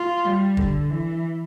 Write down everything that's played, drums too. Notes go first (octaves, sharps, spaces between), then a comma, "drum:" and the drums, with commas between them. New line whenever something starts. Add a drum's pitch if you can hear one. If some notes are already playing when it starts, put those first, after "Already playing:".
Already playing: F4
G3
D3, drum: kick
E3